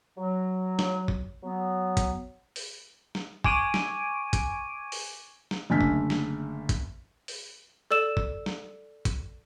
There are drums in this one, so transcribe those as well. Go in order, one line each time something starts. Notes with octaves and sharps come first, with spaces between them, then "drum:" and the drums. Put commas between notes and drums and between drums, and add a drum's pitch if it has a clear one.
F#3
drum: snare
drum: kick
F#3 B3
drum: kick, hi-hat
drum: open hi-hat
drum: snare
G#5 C#6 D6 G#6 D7 D#7, drum: kick
drum: snare
drum: kick, hi-hat
drum: open hi-hat
drum: snare
F#1 D3 A3 G#5 F6 B6
drum: kick
drum: snare
drum: kick, hi-hat
drum: open hi-hat
A4 D5 E6 E7
drum: kick
drum: snare
drum: kick, hi-hat